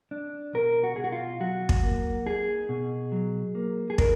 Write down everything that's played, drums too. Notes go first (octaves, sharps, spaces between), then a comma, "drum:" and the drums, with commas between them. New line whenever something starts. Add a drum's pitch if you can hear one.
D4
B2 A#4
F#4
B2 G#4
F#4
F4
F#3 F#4
drum: kick
A#3
D#4 G#4
B2
F#3
A#3
G#4
D4 A#4, drum: kick